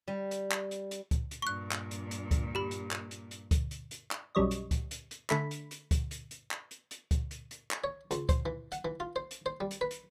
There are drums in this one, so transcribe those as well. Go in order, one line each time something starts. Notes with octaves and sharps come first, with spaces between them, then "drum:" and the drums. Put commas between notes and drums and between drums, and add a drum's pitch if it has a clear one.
G3
drum: hi-hat
drum: clap
drum: hi-hat
drum: hi-hat
drum: kick C#2, hi-hat
drum: hi-hat
G2 A#2 C#6 F#6
drum: clap
drum: hi-hat
drum: hi-hat
drum: kick C#2, hi-hat
G4 B5
drum: hi-hat
drum: clap
drum: hi-hat
drum: hi-hat
drum: kick C#2, hi-hat
drum: hi-hat
drum: hi-hat
drum: clap
B1 F#2 G3 C#5 D#5
drum: hi-hat
drum: kick C#2, hi-hat
drum: hi-hat
drum: hi-hat
D3 A3 B5, drum: clap
drum: hi-hat
drum: hi-hat
drum: kick C#2, hi-hat
drum: hi-hat
drum: hi-hat
drum: clap
drum: hi-hat
drum: hi-hat
drum: kick C#2, hi-hat
drum: hi-hat
drum: hi-hat
drum: clap
C#5
C#2, drum: hi-hat
C5, drum: kick C#2, hi-hat
E3
F#5, drum: hi-hat
E3
F4
C5
drum: hi-hat
C5
G3
drum: hi-hat
B4
drum: hi-hat